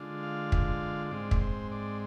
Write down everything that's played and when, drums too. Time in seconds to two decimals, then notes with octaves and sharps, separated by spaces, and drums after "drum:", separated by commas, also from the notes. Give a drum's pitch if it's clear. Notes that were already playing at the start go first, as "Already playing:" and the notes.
Already playing: D3 G#3 D4 F4
0.23 F5
0.52 drum: kick
1.11 G#2 G#3 C4 D5
1.31 drum: kick
1.41 C5
1.71 D5